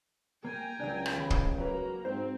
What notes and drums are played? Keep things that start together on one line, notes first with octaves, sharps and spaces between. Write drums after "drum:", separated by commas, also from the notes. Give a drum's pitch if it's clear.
A#3 G5 G#5 A#5
C#2 F#3 D4
drum: rim click
D#2 B5
drum: kick
F#3 A#3 F#4 B4 A#5
G#2 C4 C5